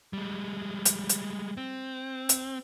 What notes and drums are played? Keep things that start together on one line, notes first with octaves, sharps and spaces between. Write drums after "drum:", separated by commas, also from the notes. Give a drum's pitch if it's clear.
G3 G#3
drum: hi-hat
drum: hi-hat
C4
drum: hi-hat